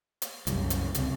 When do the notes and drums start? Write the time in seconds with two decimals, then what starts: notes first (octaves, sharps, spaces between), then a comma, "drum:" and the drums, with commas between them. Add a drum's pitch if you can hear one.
0.22 drum: hi-hat
0.47 C2 F#2, drum: hi-hat
0.70 drum: hi-hat
0.95 C#2 C3, drum: hi-hat